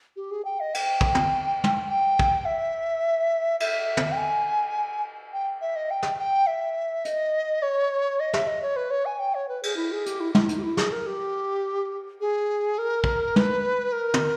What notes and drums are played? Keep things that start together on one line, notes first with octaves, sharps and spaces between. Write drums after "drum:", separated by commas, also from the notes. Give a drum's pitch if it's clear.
G4
G#4
G5
D#5
G5, drum: cymbal
drum: kick
drum: tom
drum: tom
G5
drum: kick
E5
E5, drum: cymbal
drum: tom
G5
G#5
G5
E5
D#5
G5
drum: snare
G5
E5
D#5, drum: hi-hat
C#5
D#5
E5, drum: snare
D#5
C#5
B4
C#5
G#5
G5
C#5
B4
G#4, drum: cymbal
E4
G#4
G4, drum: hi-hat
E4
E4, drum: tom
D#4, drum: hi-hat
G4
E4
G#4, drum: snare
A#4
G4
G#4
A#4
drum: kick
B4, drum: tom
A#4
drum: tom